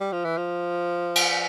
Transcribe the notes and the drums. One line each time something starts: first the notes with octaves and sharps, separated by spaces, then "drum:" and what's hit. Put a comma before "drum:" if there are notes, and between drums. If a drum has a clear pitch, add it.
G3
F3
E3
F3
drum: cymbal